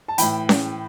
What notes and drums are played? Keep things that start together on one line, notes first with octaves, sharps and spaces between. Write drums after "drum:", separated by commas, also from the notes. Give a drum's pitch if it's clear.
A5
A2 E3 G5 B5, drum: hi-hat
drum: snare C#4